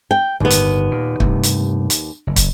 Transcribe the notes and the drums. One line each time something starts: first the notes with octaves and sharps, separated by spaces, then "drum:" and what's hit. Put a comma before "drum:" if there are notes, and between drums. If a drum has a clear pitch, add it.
G5
G1 D#2 A2 B3
drum: hi-hat
A#2
G2 C3 A3, drum: kick
drum: hi-hat
drum: hi-hat
F#1
drum: kick, hi-hat